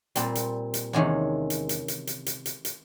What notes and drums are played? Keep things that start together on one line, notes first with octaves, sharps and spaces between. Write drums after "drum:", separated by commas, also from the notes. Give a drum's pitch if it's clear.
A#2 G3 C4, drum: hi-hat
drum: hi-hat
drum: hi-hat
E2 C3 D#3 G#3 C#4
drum: hi-hat
drum: hi-hat
drum: hi-hat
drum: hi-hat
drum: hi-hat
drum: hi-hat
drum: hi-hat